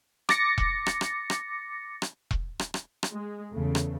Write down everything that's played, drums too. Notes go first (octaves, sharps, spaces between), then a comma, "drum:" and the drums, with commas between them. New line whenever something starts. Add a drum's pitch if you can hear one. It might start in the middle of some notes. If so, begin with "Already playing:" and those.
D6 A6 A#6 C#7, drum: rim click
drum: kick E1
drum: rim click
drum: rim click
drum: rim click
drum: rim click
drum: kick E1
drum: rim click
drum: rim click
drum: rim click
G#3
E2 C#3 A3
drum: rim click